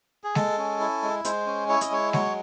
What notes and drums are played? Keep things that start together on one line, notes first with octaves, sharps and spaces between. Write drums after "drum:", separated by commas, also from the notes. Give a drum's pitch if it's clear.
G#4
G#3 A4, drum: snare G#3
C#4
E4
G#3
G#3 C5, drum: hi-hat
C#4
E4 C#5
D#5, drum: hi-hat
G#3 C#5
F#3 C#5, drum: snare G#3